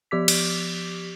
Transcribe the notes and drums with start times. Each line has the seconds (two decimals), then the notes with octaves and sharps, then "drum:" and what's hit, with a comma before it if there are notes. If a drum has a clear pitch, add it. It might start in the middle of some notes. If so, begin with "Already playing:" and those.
0.11 F3 G4 D6 B6
0.28 drum: cymbal